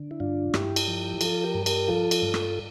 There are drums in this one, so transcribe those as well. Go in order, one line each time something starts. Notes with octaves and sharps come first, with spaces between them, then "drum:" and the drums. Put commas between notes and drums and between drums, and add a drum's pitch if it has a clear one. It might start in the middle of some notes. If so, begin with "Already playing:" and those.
Already playing: D3
E4
G2 D4 F4
G2 E4 G4, drum: rim click
drum: cymbal
F3
F3 F4 A4, drum: cymbal
G4 A#4
G2
G4 A#4, drum: cymbal
F3 F4 A4
drum: cymbal
G2
drum: rim click